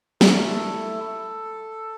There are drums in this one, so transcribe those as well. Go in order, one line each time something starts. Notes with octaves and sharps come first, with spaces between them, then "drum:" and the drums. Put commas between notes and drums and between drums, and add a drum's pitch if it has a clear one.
A3 E4 A4, drum: snare
A#4
A4